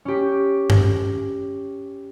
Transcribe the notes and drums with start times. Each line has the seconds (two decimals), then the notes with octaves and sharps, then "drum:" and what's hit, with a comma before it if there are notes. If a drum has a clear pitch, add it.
0.05 C#4 G4
0.70 drum: tom G2